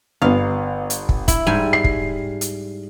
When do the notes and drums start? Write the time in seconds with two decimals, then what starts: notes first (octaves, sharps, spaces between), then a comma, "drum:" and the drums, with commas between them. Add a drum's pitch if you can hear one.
0.22 G1 B3 F5
0.90 drum: hi-hat
1.09 drum: kick
1.28 E4, drum: kick, hi-hat
1.47 G#2 G3 G#5
1.73 C7
1.84 drum: kick
2.41 drum: hi-hat